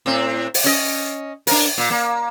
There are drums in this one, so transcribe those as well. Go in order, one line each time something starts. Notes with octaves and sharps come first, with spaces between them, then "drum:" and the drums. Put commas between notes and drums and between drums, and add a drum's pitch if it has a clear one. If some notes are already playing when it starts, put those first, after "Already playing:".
A2 C4
drum: open hi-hat
C#4 D#5
D4 A#4, drum: open hi-hat
A#2
A#3